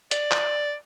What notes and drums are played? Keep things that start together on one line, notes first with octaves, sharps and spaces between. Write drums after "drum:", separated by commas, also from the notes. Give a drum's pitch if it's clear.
D5, drum: hi-hat
drum: clap